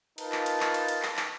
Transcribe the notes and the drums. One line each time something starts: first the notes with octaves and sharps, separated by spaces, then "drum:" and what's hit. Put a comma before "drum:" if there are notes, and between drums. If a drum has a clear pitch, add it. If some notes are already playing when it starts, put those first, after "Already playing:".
D#4 F4 A#4 B4 F5 A5, drum: cymbal
drum: clap
drum: cymbal
drum: clap
drum: cymbal
drum: cymbal
drum: clap
drum: clap